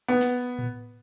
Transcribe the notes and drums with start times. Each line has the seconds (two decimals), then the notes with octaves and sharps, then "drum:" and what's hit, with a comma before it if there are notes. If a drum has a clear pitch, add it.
0.08 B3
0.21 drum: snare
0.59 drum: tom A2